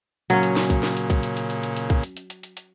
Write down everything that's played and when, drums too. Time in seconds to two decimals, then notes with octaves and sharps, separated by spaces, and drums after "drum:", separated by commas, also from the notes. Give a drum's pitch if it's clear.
0.30 A#2 C#3 F#3 C#4, drum: hi-hat
0.43 drum: hi-hat
0.57 drum: snare
0.70 drum: kick, hi-hat
0.83 drum: snare
0.97 drum: hi-hat
1.10 drum: kick, hi-hat
1.23 drum: hi-hat
1.37 drum: hi-hat
1.50 drum: hi-hat
1.63 drum: hi-hat
1.77 drum: hi-hat
1.90 drum: kick
2.03 drum: hi-hat
2.17 drum: hi-hat
2.30 drum: hi-hat
2.43 drum: hi-hat
2.57 drum: hi-hat